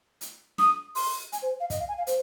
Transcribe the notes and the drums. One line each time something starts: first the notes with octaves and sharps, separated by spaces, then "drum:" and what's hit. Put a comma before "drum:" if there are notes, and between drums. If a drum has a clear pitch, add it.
drum: hi-hat
D#6, drum: snare
C6, drum: open hi-hat
G#5, drum: hi-hat
C5
F5
D#5, drum: kick, hi-hat
F5
G#5
F5
C5, drum: hi-hat